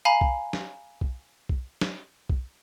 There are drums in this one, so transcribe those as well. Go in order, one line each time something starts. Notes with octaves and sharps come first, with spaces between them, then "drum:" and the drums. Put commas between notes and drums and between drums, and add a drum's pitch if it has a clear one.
F5 G#5 A#5 B5
drum: kick B1
drum: snare
drum: kick B1
drum: kick B1
drum: snare
drum: kick B1